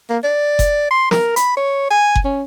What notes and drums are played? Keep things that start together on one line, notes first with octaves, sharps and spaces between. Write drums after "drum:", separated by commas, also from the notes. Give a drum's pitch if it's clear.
A#3
D5
drum: kick F#1, hi-hat
C6
A#4, drum: snare
B5, drum: hi-hat
C#5
G#5
drum: kick F#1
C#4